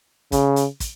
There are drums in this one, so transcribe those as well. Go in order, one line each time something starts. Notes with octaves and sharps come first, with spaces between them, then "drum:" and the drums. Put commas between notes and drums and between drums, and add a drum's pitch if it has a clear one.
C#3, drum: kick, hi-hat
drum: hi-hat
drum: kick, hi-hat